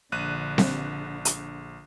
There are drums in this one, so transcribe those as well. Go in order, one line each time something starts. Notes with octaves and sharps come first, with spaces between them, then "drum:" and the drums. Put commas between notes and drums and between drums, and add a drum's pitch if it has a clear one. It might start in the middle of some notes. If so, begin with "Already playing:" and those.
A#1 D3 F#6 D#7
drum: snare C4
drum: hi-hat